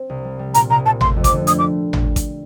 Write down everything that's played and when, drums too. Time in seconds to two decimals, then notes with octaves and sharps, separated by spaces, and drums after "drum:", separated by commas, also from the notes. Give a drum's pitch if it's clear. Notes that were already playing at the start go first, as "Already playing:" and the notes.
Already playing: C4
0.10 C2
0.24 G3
0.39 G3
0.54 A#2 A#5, drum: hi-hat
0.70 C2 A#5
0.85 A#2 A5
1.01 A3 C6, drum: tom G#1
1.16 F2
1.24 D6, drum: kick G#1, hi-hat
1.32 D3
1.47 A3 D#6, drum: hi-hat
1.59 D6
1.93 drum: tom G#1
2.16 drum: kick G#1, hi-hat